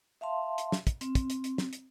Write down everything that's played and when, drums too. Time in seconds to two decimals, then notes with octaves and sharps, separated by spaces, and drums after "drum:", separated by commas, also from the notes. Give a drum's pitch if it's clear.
0.21 E5 F5 A5 C6
0.58 drum: hi-hat
0.72 drum: snare
0.87 drum: kick, hi-hat
1.01 C4, drum: hi-hat
1.15 drum: kick, hi-hat
1.30 drum: hi-hat
1.44 drum: hi-hat
1.58 drum: snare
1.73 drum: hi-hat